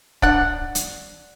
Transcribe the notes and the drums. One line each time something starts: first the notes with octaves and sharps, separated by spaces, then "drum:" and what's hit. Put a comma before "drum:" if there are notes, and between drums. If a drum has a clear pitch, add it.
D4 F#5, drum: kick
drum: hi-hat